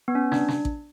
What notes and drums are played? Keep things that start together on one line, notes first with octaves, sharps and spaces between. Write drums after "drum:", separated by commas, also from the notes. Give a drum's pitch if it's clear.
B3
C#4
D4, drum: snare
drum: snare
drum: kick A1